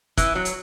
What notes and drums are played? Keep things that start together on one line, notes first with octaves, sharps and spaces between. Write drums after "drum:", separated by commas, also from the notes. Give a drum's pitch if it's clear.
E3, drum: kick, hi-hat
F#3
drum: hi-hat